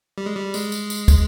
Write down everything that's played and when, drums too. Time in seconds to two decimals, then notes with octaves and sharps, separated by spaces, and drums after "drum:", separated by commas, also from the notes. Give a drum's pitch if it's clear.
0.18 G3
0.26 G#3
0.36 G3
0.54 G#3, drum: tambourine
0.72 drum: tambourine
0.90 drum: tambourine
1.08 drum: kick, tambourine